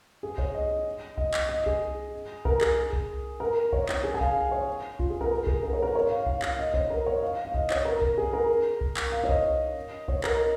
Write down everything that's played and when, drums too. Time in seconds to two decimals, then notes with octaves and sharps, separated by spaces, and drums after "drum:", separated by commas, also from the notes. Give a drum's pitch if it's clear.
0.23 G#4
0.38 C#5, drum: kick C2
0.54 D#5
1.17 D#5, drum: kick C2
1.34 drum: clap
1.49 D#5
1.66 G#4, drum: kick C2
2.45 A#4, drum: kick C2
2.61 G#4, drum: clap
2.93 drum: kick C2
3.40 A#4
3.72 C#5, drum: kick C2
3.89 C#5, drum: clap
4.04 G#4
4.14 G#5
4.21 F5, drum: kick C2
4.51 C#5
4.99 F4, drum: kick C2
5.10 G#4
5.21 A#4
5.31 A#4
5.47 G#4, drum: kick C2
5.63 A#4
5.73 C#5
5.82 A#4
5.95 C#5
6.10 F5
6.26 F5, drum: kick C2
6.42 F5, drum: clap
6.59 D#5
6.74 C#5, drum: kick C2
6.90 A#4
7.06 C#5
7.23 F5
7.45 F5
7.54 D#5, drum: kick C2
7.70 C#5, drum: clap
7.85 A#4
8.01 drum: kick C2
8.18 G#4
8.33 A#4
8.81 drum: kick C2
8.97 drum: clap
9.12 F5
9.24 C#5
9.29 D#5, drum: kick C2
10.08 C#5, drum: kick C2
10.24 A#4, drum: clap